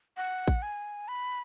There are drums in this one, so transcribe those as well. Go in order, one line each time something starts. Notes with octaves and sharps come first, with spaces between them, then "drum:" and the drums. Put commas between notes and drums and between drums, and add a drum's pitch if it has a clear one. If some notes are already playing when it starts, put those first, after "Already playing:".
F#5
drum: kick A1
G#5
B5